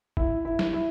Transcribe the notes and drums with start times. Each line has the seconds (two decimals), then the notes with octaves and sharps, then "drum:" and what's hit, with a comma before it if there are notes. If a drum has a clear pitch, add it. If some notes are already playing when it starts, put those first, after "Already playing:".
0.17 E4, drum: kick
0.45 E4
0.59 drum: snare
0.73 E4